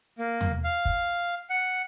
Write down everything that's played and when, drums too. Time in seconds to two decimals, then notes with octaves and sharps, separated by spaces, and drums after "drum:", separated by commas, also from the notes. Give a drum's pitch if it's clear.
0.18 A#3
0.41 drum: tom E2
0.64 F5
0.85 drum: kick
1.50 F#5